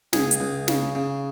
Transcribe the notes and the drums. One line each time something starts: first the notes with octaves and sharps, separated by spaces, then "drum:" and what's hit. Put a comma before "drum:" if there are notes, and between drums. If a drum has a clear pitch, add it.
C#2 G#4, drum: snare
drum: hi-hat
C#2
C#3, drum: snare
C#3